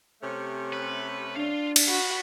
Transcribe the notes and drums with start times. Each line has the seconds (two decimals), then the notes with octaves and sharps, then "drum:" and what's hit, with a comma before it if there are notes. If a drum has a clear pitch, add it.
0.22 C3 A3 C#4
0.73 B4
1.36 D4 F4 F5
1.76 drum: cymbal
1.89 F#4 B5